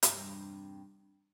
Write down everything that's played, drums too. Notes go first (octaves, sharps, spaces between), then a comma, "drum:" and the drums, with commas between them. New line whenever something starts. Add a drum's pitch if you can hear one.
E2 G2 C3, drum: hi-hat